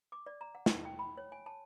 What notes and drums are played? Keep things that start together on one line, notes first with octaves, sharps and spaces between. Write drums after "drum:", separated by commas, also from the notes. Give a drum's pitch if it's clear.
D6
D5
A#5
F#5
F#5, drum: snare
G5
B5
C#5
G#5
A5